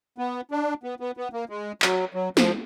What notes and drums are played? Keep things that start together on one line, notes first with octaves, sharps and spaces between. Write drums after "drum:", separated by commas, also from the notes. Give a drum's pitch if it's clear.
B3
D4
B3
B3
B3
A#3
G#3
F#3, drum: clap
F#3
F3, drum: snare